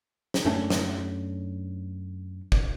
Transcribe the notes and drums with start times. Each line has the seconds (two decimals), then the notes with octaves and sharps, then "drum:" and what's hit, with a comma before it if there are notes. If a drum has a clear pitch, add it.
0.34 drum: snare
0.45 F#2 A3 C#4 D4
0.70 drum: snare
2.52 drum: kick